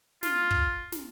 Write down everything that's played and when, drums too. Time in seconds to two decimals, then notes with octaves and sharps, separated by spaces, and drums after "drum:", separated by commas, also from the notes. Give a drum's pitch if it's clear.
0.23 F4, drum: snare
0.51 drum: kick
0.92 drum: snare